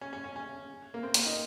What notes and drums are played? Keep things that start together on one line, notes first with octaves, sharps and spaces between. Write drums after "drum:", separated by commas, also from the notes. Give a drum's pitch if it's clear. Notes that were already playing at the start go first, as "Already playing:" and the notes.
C#4
C#4
C#4
C#4
A#3
C4
A#3, drum: hi-hat
D#4